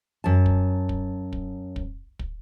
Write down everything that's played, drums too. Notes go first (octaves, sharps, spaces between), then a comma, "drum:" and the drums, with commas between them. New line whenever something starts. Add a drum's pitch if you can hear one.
F#2 A5
drum: kick
drum: kick
drum: kick
drum: kick
drum: kick